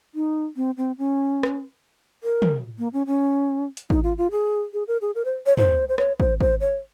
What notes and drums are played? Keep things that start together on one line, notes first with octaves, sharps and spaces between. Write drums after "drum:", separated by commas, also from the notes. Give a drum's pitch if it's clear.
D#4
C4
C4
C#4
drum: rim click
A#4
drum: tom
A#3
C#4
C#4
drum: hi-hat
D#4, drum: kick
F4
F4
G#4
G#4
A#4
G#4
A#4
C5
C#5
C5, drum: tom
C5
C#5, drum: rim click
C5, drum: kick
C5, drum: kick
C#5